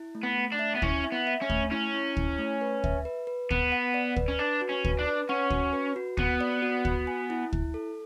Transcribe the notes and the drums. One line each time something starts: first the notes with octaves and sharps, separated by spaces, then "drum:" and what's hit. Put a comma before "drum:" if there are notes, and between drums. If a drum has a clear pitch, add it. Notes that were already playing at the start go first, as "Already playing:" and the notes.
Already playing: E4
A3
B3
A3
D4
E5
B3
C#4 E4, drum: kick
E5
B3
E5
C#4
A3, drum: kick
C#4 E4
E4
E4, drum: kick
A3
B4
E5, drum: kick
B4
B4
B3 B4, drum: kick
F#5
D5
B4, drum: kick
C#4
D4 B4
F#4
C#4
B4, drum: kick
D4
B4
C#4 F#5
F#4, drum: kick
B4
F#4
B3 F#4, drum: kick
D5
F#4
F#4, drum: kick
G#5
E4
E4, drum: kick
A4